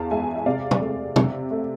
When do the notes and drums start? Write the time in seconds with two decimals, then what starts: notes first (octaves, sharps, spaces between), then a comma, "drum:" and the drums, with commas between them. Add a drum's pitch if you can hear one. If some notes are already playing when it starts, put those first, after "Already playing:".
Already playing: E2 F5 A5
0.11 G#3 E5 G#5
0.36 E5
0.46 C3 D5 F5
0.71 drum: tom
0.81 A3
1.16 C3, drum: tom
1.51 A3